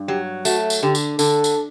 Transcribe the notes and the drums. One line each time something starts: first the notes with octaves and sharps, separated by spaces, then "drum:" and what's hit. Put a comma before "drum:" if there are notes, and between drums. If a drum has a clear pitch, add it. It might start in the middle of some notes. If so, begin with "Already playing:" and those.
Already playing: G2
F#3 G4
A3 F#4, drum: tambourine
drum: tambourine
D3 G4
drum: tambourine
D3 A4, drum: tambourine
drum: tambourine